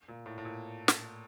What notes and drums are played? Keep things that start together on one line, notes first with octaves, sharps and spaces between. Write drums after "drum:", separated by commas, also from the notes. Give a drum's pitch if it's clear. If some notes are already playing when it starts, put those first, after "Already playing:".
A#2
A2
A2
A#2
drum: snare